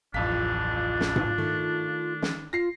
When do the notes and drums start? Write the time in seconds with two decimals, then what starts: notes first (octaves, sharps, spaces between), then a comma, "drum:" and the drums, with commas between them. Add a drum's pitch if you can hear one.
0.14 D1 A1 F2 D4 F4 B6
1.00 drum: snare
1.16 drum: tom G#2
1.38 D#3 A3
2.22 drum: snare
2.53 F4 A#6 C7